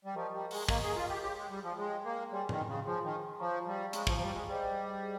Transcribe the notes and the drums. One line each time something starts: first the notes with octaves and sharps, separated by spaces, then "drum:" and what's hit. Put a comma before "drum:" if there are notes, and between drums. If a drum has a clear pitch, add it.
G3
F3 G4 A#4 D#5 A#5 C#6
G3
G#3, drum: open hi-hat
A#3 G4 A#4 D#5 A#5 C#6, drum: kick
G#4
F4
G4
G4 G#4 C#5 G5 C6
G#3
G3
F3
G#3 G#4 C#5 G5 C6
A#3
G3 G#4 C#5 G#5 C6
D#3, drum: tom A2
C#3
F3 G#4 C#5 G#5 C6
D#3
F3 C#5 F5 A#5 C#6
G3
G#3 C#5 F5 A#5 C#6, drum: hi-hat
F3, drum: kick
F3
G3
G#3
G3 G#4 C5 D#5
G#4